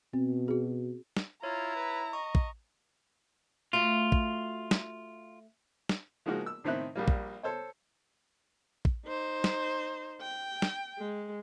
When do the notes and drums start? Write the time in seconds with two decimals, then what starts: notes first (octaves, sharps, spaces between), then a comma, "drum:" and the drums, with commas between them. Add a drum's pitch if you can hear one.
0.13 B2 C4
0.48 F#4 G#4
1.17 drum: snare
1.43 E4 F4 C#5 A#5
1.76 B4
2.13 D#5 C#6
2.35 drum: kick
3.73 A3 F4 F#4 E5
4.12 drum: kick
4.71 drum: snare
5.89 drum: snare
6.26 F3 G#3 A#3 D#4 F#4 A#4
6.46 E6
6.64 A2 D#3 C4 D#4 E5 F#6
6.96 A#1 G3 A#3
7.08 drum: kick
7.43 A4 C5 C#5
8.85 drum: kick
9.06 D#4 C5
9.44 drum: snare
10.21 G5
10.62 drum: snare
10.99 G#3